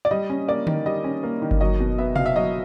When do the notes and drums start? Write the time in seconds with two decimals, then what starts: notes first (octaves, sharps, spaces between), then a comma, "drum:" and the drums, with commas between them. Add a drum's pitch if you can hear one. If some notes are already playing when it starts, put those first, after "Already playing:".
0.05 D5
0.11 G3 D#5
0.30 C#4
0.48 A#3 D5
0.67 D#3, drum: tom D3
0.86 G3 D#5
1.04 C#4
1.23 A#3
1.42 D#3
1.51 drum: kick G1
1.61 F#3 D#5
1.80 B2
1.98 B3 E5
2.16 B2 F5, drum: tom C3
2.26 E5
2.36 F#3 D#5